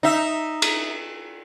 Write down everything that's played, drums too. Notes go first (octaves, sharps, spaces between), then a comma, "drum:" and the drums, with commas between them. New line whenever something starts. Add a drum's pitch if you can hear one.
D#4 E5
drum: cymbal